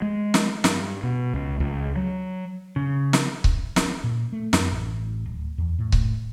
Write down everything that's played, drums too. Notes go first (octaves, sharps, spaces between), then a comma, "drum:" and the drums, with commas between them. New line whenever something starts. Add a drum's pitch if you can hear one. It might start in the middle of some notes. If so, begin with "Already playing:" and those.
G#3
drum: snare
G2, drum: snare
B2
C#2
C#2
F#3
C#3
drum: snare
drum: kick C#1
C#4, drum: snare
A#2
A3
F#2, drum: snare
A1
D1
E2
A2
drum: kick C#1